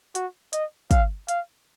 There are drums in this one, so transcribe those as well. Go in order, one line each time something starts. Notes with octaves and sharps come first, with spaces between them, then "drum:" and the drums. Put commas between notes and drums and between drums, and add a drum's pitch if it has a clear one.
F#4, drum: hi-hat
D#5, drum: hi-hat
F5, drum: kick, hi-hat
F5, drum: hi-hat